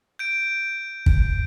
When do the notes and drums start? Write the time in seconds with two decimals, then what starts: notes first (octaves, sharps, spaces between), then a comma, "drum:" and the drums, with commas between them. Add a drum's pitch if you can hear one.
0.19 G6 D7
1.06 drum: kick